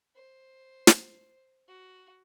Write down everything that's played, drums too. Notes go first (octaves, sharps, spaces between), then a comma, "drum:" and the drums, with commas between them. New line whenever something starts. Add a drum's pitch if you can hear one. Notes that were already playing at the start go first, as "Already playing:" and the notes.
C5
drum: snare
F#4